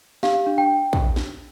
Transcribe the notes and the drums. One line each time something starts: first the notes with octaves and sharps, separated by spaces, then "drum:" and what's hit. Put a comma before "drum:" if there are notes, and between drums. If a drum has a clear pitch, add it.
G4 F5, drum: snare
D4
G5
drum: kick
drum: snare